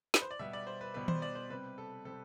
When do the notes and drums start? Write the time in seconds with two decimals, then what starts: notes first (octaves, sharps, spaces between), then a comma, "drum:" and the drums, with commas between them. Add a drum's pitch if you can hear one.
0.14 B4, drum: snare
0.22 C5
0.31 D5
0.39 B2 G3 B3 E5
0.53 D5
0.67 C5
0.81 B4
0.94 B2 G3 B3 B4
1.08 C5, drum: tom D#3
1.22 D5
1.35 C5
1.50 C3 G3 C4 B4
1.78 A4
2.05 C3 G3 C4 A4